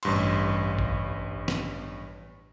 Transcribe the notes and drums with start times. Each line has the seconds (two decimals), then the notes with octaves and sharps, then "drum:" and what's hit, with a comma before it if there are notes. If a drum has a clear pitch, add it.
0.03 A1 G2 C6, drum: cymbal
0.79 drum: kick A#1
1.48 drum: snare